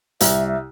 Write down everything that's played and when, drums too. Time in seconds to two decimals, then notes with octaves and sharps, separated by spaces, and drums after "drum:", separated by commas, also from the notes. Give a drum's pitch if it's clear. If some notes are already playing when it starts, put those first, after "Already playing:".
0.20 C2 E5, drum: hi-hat
0.47 E5